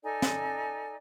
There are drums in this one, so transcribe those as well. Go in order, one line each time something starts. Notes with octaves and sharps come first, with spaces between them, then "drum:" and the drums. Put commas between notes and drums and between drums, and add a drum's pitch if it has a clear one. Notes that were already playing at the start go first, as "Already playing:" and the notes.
D#4 A4 D5 G#5
drum: snare